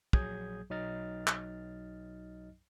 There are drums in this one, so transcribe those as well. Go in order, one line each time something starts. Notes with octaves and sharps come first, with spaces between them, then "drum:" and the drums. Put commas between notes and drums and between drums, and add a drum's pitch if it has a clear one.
A#1 F#3 G#4 D#6 G6 G#6, drum: kick
B1 F#3 D#4 D#5 F6 A6
drum: clap